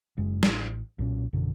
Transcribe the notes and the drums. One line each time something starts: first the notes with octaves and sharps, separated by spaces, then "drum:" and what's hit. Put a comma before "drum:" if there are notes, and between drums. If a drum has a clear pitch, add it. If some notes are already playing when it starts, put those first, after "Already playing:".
F#1 F#2 G#3
A1, drum: snare
B1 A#2 C#4
A1 F#2 B2 D3